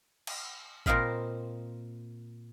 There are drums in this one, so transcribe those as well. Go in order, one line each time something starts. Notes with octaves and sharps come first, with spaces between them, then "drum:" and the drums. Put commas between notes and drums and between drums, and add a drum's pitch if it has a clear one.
drum: cymbal
A#2 A#3 C4 D#5 F5 B5, drum: kick G#1